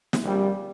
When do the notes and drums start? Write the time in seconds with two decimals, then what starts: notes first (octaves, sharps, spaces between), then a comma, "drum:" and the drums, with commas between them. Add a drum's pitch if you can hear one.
0.13 drum: snare
0.23 A#1 A#2 G3 C4 G4